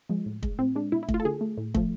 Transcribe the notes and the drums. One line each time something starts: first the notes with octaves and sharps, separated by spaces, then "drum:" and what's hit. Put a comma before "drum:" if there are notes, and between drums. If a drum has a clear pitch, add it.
F3 G#3
A2
G#3, drum: kick
A2 C4
G#3 D4
B2 E4
E4
A3, drum: kick
F4
A4
D3 G#4
A3
A2
F3 A3, drum: kick